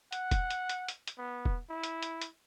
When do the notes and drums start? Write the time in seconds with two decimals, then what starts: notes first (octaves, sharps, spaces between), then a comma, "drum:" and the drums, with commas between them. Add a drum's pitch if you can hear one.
0.12 F#5, drum: hi-hat
0.31 drum: kick E1, hi-hat
0.50 drum: hi-hat
0.69 drum: hi-hat
0.88 drum: hi-hat
1.07 drum: hi-hat
1.18 B3
1.45 drum: kick E1
1.69 E4
1.83 drum: hi-hat
2.02 drum: hi-hat
2.21 drum: hi-hat